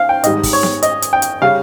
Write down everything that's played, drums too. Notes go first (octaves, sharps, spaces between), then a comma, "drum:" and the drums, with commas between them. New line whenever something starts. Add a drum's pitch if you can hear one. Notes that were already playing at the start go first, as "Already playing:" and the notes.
Already playing: F5
G5
G#1 G#2 G3 D#5, drum: hi-hat
drum: kick, open hi-hat
C#5
drum: snare B3
D#5, drum: hi-hat
drum: hi-hat
G5
drum: hi-hat
C#3 G3 F5